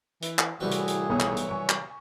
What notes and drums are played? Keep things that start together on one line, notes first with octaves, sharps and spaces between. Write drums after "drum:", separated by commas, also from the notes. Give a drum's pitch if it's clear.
E3, drum: hi-hat
drum: clap
C2 A2 E3 G3 C4 F#4 G#4
drum: hi-hat
drum: hi-hat
B1 E3 F#3 C#5 D#6
drum: clap
drum: hi-hat
G#5 C#6
drum: clap